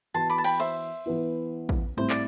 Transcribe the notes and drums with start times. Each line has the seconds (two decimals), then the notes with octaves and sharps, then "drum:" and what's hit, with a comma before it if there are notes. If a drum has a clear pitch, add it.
0.14 E3 B3 F#4 A5 C6
0.30 B5 D6
0.38 A5
0.44 G5 B5, drum: cymbal
0.60 C5 E5, drum: hi-hat
1.06 E3 B3 E4
1.69 drum: kick
1.97 A2 G3 C4 E4 C5
2.10 D5, drum: clap